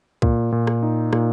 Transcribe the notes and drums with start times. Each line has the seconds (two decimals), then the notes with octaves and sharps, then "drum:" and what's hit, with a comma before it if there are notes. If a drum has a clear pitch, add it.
0.22 A#2, drum: kick C2
0.52 A#2
0.67 drum: rim click
0.83 D#4
1.13 A#2, drum: rim click